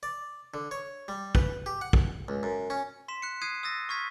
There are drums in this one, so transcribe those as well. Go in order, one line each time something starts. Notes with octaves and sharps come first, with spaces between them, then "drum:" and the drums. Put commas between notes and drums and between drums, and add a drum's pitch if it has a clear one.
D5
D3
C#5
G3
B4, drum: kick
G4
F#5
drum: kick
C#2
F#2
C#4
C6 B6 E7
F#6 C#7
D#6 F#6 G#6 C7 C#7 D#7
D#6 E6 A6 A#6
C#6 F6 G#6 B6